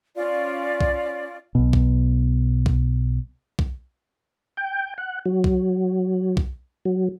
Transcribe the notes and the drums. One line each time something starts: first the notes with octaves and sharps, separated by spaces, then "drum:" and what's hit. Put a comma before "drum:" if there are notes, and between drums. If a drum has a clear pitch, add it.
C#4 F4 D5
drum: kick B1
B1 B2
drum: kick B1
drum: kick B1
drum: kick B1
G5
F#5
F#3
drum: kick B1
drum: kick B1
F#3